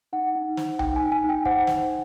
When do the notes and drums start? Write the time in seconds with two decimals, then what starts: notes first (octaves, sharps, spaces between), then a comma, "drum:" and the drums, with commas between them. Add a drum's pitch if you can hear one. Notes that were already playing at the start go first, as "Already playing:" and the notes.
0.13 D#4 F#5
0.36 D#4
0.57 C5, drum: snare
0.79 D#4 G5, drum: tom B1
0.96 G#5
1.02 D#4
1.12 G#5
1.24 D#4
1.29 G5
1.45 C5 F#5, drum: kick
1.67 C5, drum: snare